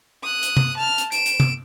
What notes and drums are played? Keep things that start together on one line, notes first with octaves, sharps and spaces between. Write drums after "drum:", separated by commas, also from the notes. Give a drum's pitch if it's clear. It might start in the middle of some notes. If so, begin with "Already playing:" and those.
D#6 F#6
drum: hi-hat
drum: tom C3
A5 F6
drum: hi-hat
D7 E7, drum: hi-hat
drum: hi-hat
drum: tom C3